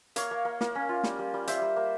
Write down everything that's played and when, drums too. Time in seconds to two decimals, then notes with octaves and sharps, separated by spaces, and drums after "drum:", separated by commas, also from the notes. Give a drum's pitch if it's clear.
0.16 A#3 C#5 F5, drum: hi-hat
0.31 A#3
0.45 A#3
0.61 A#3, drum: snare
0.75 C#4
0.89 F4
1.04 G3, drum: snare
1.19 G3
1.34 G3
1.47 G3 C5 E5, drum: hi-hat
1.62 G3
1.76 A#3